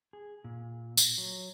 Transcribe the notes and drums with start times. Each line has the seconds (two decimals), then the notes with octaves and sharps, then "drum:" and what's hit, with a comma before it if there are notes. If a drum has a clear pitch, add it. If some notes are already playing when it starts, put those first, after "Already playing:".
0.13 G#4
0.44 A#2
0.97 drum: tambourine
1.18 F#3